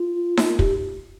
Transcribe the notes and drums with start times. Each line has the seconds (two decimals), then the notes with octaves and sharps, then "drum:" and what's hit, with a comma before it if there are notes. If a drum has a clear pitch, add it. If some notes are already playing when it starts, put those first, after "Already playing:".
Already playing: F4
0.37 drum: snare D#4
0.59 G4, drum: kick